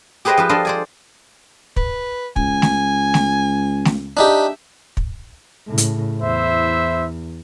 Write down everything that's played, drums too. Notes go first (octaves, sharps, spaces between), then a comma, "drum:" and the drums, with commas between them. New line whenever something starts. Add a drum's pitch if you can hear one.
G4 G#4 B4 C5 D#5 G5
F3 G4 B4
D4 F4 A4 D#5 A5 C6
C5 D5 G#5
B4, drum: kick
C#2 G#5, drum: kick
drum: snare A3
drum: snare A3
drum: snare A3
D4 D#4 G4 E5
drum: kick
A2 C#3
drum: hi-hat
E2 E4 C5 E5